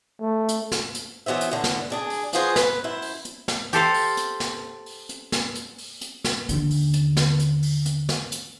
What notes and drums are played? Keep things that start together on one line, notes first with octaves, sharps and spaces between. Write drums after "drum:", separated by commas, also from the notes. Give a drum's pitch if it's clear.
A3
drum: hi-hat
drum: snare
drum: hi-hat
E3 F#3 B3 C5 E5
drum: hi-hat
A2 D3
drum: snare
D2 D4 G#4
drum: open hi-hat
F3 B3 F4 F#4 G#4 C5, drum: hi-hat
B4, drum: snare
F#2 E4 C5
drum: open hi-hat
drum: hi-hat
drum: snare
G4 A4 C5 F5, drum: hi-hat
drum: open hi-hat
drum: hi-hat
drum: snare
drum: open hi-hat
drum: hi-hat
drum: snare
drum: hi-hat
drum: open hi-hat
drum: hi-hat
drum: snare
D#2 D3, drum: hi-hat
drum: open hi-hat
drum: hi-hat
drum: snare
drum: hi-hat
drum: open hi-hat
drum: hi-hat
drum: snare
drum: hi-hat